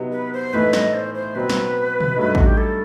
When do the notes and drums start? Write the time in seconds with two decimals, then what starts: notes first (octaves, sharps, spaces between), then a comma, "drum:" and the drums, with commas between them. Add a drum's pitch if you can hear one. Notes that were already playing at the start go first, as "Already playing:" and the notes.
Already playing: C3 F#3 B3 D#4
0.12 B4
0.33 C5
0.53 A2 E3 A3 D#4 B4
0.73 D#5, drum: snare
0.94 C5
1.15 C5
1.35 B2 F#3 C4 B4
1.50 drum: snare
2.00 drum: tom B2
2.16 G2 F#3 A3 D#4
2.35 F#4, drum: kick A1
2.46 G4
2.57 A4